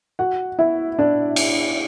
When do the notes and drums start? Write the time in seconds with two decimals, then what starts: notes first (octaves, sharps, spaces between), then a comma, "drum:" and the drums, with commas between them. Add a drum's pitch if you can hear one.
0.19 F#4 F#5
0.59 E4 E5
0.99 D4 D5
1.36 drum: cymbal